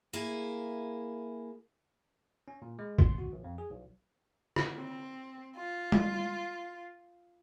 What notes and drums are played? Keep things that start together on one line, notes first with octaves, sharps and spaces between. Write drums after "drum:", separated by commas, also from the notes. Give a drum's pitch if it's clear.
A#3 E4 G#4
C#4
A#2
G#3
C6, drum: kick
F#4
A#1
F2
G#4
B1
drum: rim click
C4
F4
drum: tom